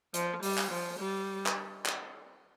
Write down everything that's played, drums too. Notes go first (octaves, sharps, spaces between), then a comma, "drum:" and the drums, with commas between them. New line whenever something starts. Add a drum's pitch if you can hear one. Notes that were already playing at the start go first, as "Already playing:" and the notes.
F3, drum: hi-hat
G3, drum: open hi-hat
drum: clap
F3
G3
drum: clap
drum: clap